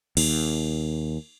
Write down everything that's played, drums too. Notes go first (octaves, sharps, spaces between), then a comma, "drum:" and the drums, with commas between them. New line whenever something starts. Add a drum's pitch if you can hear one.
D#2, drum: cymbal